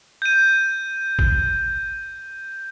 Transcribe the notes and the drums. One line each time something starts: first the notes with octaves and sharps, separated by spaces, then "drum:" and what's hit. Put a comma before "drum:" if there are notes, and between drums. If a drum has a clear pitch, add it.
G6 D#7
drum: kick G#1